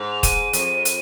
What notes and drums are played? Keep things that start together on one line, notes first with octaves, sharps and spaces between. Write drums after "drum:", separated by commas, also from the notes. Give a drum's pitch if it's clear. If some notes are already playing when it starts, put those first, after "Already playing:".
Already playing: G#2
F7
D#7, drum: kick F1, hi-hat
F2, drum: hi-hat
drum: hi-hat